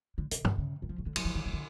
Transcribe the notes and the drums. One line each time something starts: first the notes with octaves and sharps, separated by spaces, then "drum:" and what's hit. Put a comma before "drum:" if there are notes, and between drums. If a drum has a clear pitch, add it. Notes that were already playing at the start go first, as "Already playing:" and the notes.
D3
C#3, drum: hi-hat
C3, drum: tom
C#3
D#3
F3
C#3
D3
F#3, drum: cymbal
F3
D#3
D#3
D3